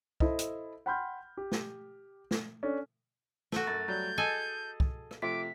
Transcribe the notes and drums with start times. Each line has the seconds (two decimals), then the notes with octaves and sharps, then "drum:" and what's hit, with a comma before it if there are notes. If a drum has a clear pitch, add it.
0.20 E4 A4 C5 D#5, drum: kick
0.39 drum: hi-hat
0.86 F#5 G5 B5 C6 F6 G6
1.37 G4
1.52 drum: snare
2.31 drum: snare
2.63 C#4 D4 A4
3.52 A3 F#4, drum: snare
3.67 F#2 A6
3.88 F#3 G3 G6
4.18 G#4 A4 D#5 G#5 A5
4.80 drum: kick
5.11 drum: rim click
5.22 C3 F3 A3 D6 B6